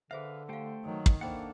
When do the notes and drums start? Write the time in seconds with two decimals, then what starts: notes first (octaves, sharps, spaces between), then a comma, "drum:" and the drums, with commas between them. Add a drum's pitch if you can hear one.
0.11 D3 G#4 B4 C5 E5 F5
0.49 A3 G4 C5 F5 G5
0.85 D#3 F#3
1.06 drum: kick
1.21 A#3 D4 A4 C5 F#5 G5 B5